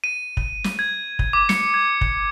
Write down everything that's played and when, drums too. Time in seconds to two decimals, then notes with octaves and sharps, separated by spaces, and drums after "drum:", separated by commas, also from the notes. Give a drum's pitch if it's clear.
0.04 D#7
0.37 drum: kick
0.64 drum: snare
0.79 G#6
1.19 drum: kick
1.33 D6
1.49 C#7, drum: snare
1.74 G#6
2.01 drum: kick